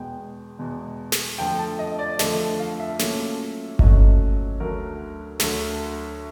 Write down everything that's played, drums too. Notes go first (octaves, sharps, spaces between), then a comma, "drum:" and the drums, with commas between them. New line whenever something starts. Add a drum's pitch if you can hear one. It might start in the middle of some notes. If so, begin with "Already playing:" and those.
Already playing: E2 B2 G#3 B3 G5
E2 B2 G#3 B3
drum: snare
F2 D3 F3 A3 G5
A5
D#5
D5
F2 D3 F3 A3 D#5, drum: snare
F5
E5
A#2 F#3 A3 C#4, drum: snare
A#2 F#3 A3 C#4 D#5, drum: kick G1
D2 D3 F#3 A#4
D2 D3 F#3, drum: snare